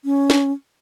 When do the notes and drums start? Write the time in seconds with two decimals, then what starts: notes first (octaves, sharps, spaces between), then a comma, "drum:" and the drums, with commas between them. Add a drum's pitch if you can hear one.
0.05 C#4
0.30 drum: snare